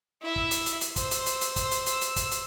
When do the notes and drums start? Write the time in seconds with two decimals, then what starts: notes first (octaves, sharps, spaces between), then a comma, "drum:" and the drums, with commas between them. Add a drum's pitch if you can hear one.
0.22 E4 E5
0.36 drum: kick
0.51 drum: hi-hat
0.66 drum: hi-hat
0.81 drum: hi-hat
0.96 C5 E6, drum: kick, hi-hat
1.11 drum: hi-hat
1.26 drum: hi-hat
1.41 drum: hi-hat
1.56 drum: kick, hi-hat
1.71 drum: hi-hat
1.86 drum: hi-hat
2.01 drum: hi-hat
2.16 drum: kick, hi-hat
2.31 drum: hi-hat